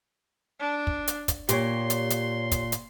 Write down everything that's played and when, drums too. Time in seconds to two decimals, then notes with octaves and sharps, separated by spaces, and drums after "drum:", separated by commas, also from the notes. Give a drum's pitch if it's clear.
0.60 D4
0.87 drum: kick
1.08 drum: hi-hat
1.28 drum: kick, hi-hat
1.49 A#2 G4 C#5 C6, drum: hi-hat
1.90 drum: hi-hat
2.10 drum: hi-hat
2.52 drum: kick, hi-hat
2.72 drum: hi-hat